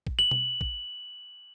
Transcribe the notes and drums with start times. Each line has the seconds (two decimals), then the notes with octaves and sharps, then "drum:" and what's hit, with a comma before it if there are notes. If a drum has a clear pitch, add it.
0.07 drum: kick
0.19 F#7
0.31 drum: tom B2
0.61 drum: kick